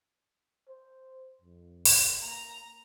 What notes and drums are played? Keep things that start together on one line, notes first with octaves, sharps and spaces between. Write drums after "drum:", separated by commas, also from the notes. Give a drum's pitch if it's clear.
C5
F2
drum: open hi-hat
A#3 A#5